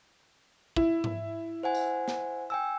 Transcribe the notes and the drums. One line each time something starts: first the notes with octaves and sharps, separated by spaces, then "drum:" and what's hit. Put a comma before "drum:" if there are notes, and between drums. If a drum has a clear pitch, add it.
E4, drum: kick
drum: tom G#2
C5 F#5 G#5
drum: tambourine
drum: snare
G5 G#5 E6